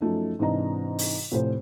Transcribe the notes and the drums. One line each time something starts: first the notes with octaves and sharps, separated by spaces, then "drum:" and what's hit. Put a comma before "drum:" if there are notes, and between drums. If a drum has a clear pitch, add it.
F#2 F3 A3 D#4
G#2 C3 E3 D4 D#5 A#5
drum: open hi-hat
F1 A2 C5